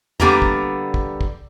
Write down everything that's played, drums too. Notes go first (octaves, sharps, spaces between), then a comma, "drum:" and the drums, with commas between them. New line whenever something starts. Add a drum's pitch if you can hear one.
D3 G3 A#3 B3 A#5, drum: tom
drum: kick
drum: kick
drum: kick